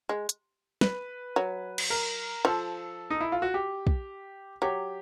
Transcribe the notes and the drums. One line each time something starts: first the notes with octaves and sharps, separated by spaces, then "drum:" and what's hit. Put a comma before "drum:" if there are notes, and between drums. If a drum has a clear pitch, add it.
G#3
drum: hi-hat
B4, drum: snare
F#3
drum: cymbal
A#4
F3 A4
D#4
E4
F4
F#4
G4
drum: kick
F#3 G4